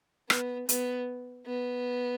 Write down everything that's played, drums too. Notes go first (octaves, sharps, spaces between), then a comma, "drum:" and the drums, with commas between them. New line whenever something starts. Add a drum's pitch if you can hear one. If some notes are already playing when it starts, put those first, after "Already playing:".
B3, drum: rim click
B3, drum: hi-hat
B3